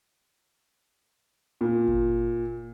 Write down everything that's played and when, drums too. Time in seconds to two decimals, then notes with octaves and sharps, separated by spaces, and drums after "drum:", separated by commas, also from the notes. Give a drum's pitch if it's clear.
1.61 A#2
1.88 drum: kick G1